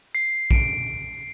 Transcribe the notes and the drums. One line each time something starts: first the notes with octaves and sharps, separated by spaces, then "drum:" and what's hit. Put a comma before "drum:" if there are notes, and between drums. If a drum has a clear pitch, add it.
C7
D7, drum: kick A#1